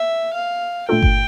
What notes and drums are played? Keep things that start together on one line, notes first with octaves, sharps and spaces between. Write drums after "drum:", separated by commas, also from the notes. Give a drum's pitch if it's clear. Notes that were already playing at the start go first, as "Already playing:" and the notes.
Already playing: E5
F5
A#2 A3 D4 F4 A4 G5
drum: kick G1